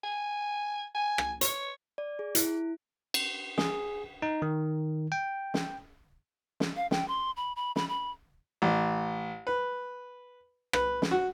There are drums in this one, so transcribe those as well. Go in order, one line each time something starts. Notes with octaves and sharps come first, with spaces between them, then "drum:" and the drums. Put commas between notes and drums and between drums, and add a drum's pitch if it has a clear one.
G#5
G#5
drum: rim click
C#5, drum: hi-hat
D5
G#4
E4, drum: hi-hat
drum: cymbal
G#4, drum: snare
D#4
D#3
G5
drum: snare
drum: snare
F5
G5, drum: snare
C6
B5
B5
B5, drum: snare
B5
A1
B4
B4, drum: rim click
drum: snare
F#4